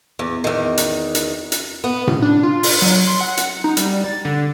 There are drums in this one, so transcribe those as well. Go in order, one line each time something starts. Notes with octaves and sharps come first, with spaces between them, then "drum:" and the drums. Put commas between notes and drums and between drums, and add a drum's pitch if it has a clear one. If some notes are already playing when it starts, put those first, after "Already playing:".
E2
E2 D#3
drum: hi-hat
drum: hi-hat
drum: hi-hat
B3
drum: tom A2
D4
F4
drum: open hi-hat
F#3
C6
F#5
drum: hi-hat
D#4
G3, drum: hi-hat
A6
D3